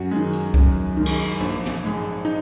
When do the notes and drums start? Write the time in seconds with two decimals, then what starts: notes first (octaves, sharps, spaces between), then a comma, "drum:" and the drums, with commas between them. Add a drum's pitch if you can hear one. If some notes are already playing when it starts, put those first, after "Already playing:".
Already playing: F#2 F#4
0.11 D#3 G#3
0.33 drum: hi-hat
0.54 F#2, drum: kick C2
0.97 D#3 G#3
1.06 drum: cymbal
1.40 A#1
1.66 drum: tom
1.83 G#2 G#3
2.25 D#4